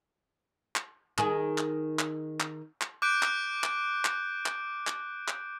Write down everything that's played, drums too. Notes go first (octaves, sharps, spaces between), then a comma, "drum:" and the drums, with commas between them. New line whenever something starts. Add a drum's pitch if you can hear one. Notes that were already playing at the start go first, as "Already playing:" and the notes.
drum: clap
D#3 G#4, drum: clap
drum: clap
drum: clap
drum: clap
drum: clap
D6 F#6 G6 D7
drum: clap
drum: clap
drum: clap
drum: clap
drum: clap
drum: clap